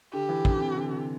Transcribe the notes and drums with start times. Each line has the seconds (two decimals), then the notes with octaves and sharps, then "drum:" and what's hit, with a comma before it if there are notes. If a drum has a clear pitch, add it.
0.13 D3 G4
0.29 E3
0.45 D3, drum: kick
0.61 C3
0.76 D3
0.92 C3